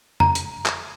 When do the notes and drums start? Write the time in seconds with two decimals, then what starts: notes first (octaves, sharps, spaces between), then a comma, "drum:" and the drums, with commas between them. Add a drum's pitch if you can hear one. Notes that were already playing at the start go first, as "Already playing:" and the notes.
0.20 A#5, drum: tom F2
0.35 drum: hi-hat
0.66 drum: clap